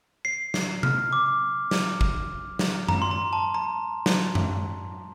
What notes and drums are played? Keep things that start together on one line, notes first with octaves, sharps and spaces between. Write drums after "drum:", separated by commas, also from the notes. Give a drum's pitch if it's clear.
C7
C7, drum: snare
F6, drum: tom C3
D6
drum: snare
drum: kick
drum: snare
A#5, drum: tom F#2
C6
A#5
A5
A#5
drum: snare
drum: tom F#2